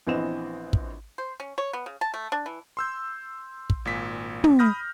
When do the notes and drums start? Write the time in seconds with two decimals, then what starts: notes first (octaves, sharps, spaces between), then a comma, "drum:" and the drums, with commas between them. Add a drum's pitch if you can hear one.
0.07 A#1 E3 B3 C4 D#5 E7
0.73 drum: kick
1.18 C5
1.40 C#4
1.58 C#5
1.73 B3
1.86 C#3
2.01 A5
2.14 A3
2.32 D4
2.46 E3
2.77 C6 E6 G6
3.70 drum: kick
3.85 G#1 A#2 B6
4.44 drum: tom
4.59 B5 D#6 F6 G6 A#6